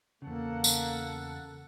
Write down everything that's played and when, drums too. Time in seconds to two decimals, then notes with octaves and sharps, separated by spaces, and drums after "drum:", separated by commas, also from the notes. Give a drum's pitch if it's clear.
0.22 E2 C#3 A#3 A4 F#5
0.64 drum: tambourine